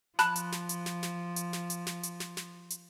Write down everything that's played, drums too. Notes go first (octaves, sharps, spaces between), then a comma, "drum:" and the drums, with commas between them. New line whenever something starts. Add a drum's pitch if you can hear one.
F3 A5 B5 F#6, drum: snare
drum: hi-hat
drum: snare
drum: hi-hat
drum: snare
drum: snare
drum: hi-hat
drum: snare
drum: hi-hat
drum: snare
drum: hi-hat
drum: snare
drum: snare
drum: hi-hat